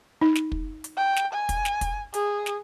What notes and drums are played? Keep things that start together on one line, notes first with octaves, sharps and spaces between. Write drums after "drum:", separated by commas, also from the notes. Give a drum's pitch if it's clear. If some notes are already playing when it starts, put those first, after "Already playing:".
D#4
drum: snare
drum: kick
drum: hi-hat
G5
drum: snare
G#5
drum: kick, hi-hat
drum: snare
drum: kick, hi-hat
G#4, drum: hi-hat
drum: snare